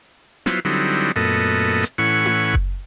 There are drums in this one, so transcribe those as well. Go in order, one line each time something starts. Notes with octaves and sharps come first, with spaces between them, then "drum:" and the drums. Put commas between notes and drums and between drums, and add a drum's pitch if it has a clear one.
F#3 B3 E4 F4 C5, drum: snare
D3 F#3 G3 C4 D#4 E4
F#2 A#2 A3 B3 A4 D#5
drum: hi-hat
A2 E3 C#4 F#5 C#6
drum: tom E4
drum: kick F#1